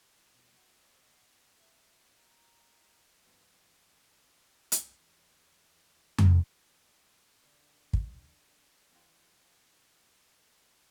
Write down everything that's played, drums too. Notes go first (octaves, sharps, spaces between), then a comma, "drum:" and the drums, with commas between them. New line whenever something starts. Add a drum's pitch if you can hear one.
B2 G3
F#4
C5 D5
D#5 F#5
E5
A#2
E2 G2 B3 D4 B4 C5
drum: hi-hat
E2
E5
drum: tom F2
D3
drum: kick
E3 F5 G5 C6